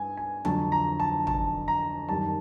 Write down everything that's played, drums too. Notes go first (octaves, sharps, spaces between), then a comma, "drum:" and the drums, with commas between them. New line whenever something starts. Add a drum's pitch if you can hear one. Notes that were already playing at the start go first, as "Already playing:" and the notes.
Already playing: G2 G#5
G#5
F2 D3 F#3 A5, drum: tom
A#5
A5
A5, drum: tom
A#5
F#2 D#3 G3 A5